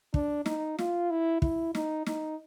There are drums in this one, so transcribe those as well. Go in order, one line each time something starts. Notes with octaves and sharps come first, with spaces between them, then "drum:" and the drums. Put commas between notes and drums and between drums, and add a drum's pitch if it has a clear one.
D4, drum: kick
D#4, drum: snare
F4, drum: snare
E4
E4, drum: kick
D#4, drum: snare
D#4, drum: snare